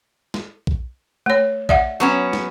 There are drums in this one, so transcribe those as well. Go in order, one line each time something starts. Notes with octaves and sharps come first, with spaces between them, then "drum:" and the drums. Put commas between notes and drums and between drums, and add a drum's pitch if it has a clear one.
drum: snare
drum: kick A#1
A3 C#5
D5 E5 F#5, drum: kick A#1
F#3 B3 C#4
drum: snare